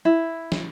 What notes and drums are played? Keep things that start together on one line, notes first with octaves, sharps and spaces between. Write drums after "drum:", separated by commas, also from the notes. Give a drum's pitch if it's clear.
E4
drum: snare